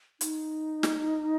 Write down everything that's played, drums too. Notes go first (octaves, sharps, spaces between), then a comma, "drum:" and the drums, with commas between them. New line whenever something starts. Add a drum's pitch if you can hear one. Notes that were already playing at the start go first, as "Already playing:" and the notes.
D#4, drum: hi-hat
drum: snare